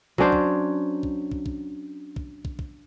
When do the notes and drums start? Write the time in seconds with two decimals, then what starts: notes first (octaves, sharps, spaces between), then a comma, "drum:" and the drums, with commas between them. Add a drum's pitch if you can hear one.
0.18 F#3 C#4 D4 C5, drum: kick
0.32 drum: kick
1.03 drum: kick
1.31 drum: kick
1.46 drum: kick
2.16 drum: kick
2.45 drum: kick
2.59 drum: kick